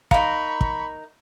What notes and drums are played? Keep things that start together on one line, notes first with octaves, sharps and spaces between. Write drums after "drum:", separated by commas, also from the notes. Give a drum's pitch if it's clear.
D#4 A#4 F5 B5 C#6, drum: kick
drum: kick